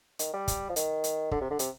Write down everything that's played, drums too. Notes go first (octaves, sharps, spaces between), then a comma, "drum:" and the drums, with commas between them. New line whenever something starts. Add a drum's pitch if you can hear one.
D#3, drum: hi-hat
G3
drum: kick, hi-hat
F3
D#3, drum: hi-hat
drum: hi-hat
D3, drum: kick
C3
D3
C3, drum: hi-hat